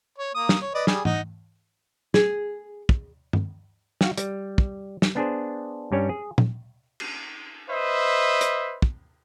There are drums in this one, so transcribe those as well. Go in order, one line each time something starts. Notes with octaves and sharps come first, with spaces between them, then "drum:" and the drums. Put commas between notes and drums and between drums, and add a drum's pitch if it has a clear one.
C#5
A#3 D#6
drum: snare
C#5
B4 D5 D#5
G3 G#4, drum: snare
D#4 F#5, drum: tom
G#4, drum: snare
drum: kick
drum: tom G2
F#4 F5 G5, drum: snare
G3, drum: hi-hat
drum: kick
drum: snare
B3 D4 G#4 C5
G2 G3 C#4 C#5
G#4
drum: tom A#2
drum: cymbal
B4 C5 D#5 E5
drum: hi-hat
drum: kick